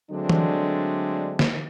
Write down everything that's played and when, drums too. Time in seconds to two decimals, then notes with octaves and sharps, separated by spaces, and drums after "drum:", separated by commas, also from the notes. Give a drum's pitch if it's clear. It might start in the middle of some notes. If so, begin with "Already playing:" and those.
0.11 D3 F#3 G#3 A3 C4 D4
0.29 drum: tom
1.39 drum: snare